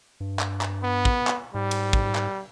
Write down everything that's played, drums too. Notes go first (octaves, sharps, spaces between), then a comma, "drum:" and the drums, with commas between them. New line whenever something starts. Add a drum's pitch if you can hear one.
G2
drum: clap
drum: clap
B3
drum: kick
drum: clap
G#2 G3
drum: cymbal
drum: kick
drum: clap